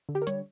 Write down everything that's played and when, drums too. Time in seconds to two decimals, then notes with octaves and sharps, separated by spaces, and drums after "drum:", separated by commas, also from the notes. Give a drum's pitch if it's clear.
0.09 D3
0.15 G4
0.22 A#4
0.27 G3 C#5, drum: hi-hat